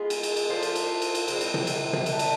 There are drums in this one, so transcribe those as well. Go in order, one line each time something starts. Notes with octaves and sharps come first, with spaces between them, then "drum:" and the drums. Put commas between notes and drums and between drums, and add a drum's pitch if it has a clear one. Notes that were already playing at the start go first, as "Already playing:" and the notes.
Already playing: G#3 B3 F4 G#4
drum: cymbal
drum: cymbal
drum: cymbal
F3 A3 C4 F4
drum: cymbal
drum: cymbal
drum: cymbal
drum: cymbal
F3 G#3 C4 E4, drum: cymbal
drum: cymbal
drum: tom
drum: cymbal
drum: tom
D3 A3 C4, drum: cymbal
drum: cymbal